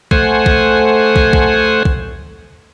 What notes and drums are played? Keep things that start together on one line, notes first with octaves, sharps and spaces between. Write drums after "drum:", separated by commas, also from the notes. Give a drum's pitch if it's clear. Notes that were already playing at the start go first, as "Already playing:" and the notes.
A3 C5 F#5 G#5, drum: kick
drum: kick
drum: kick
drum: kick
drum: kick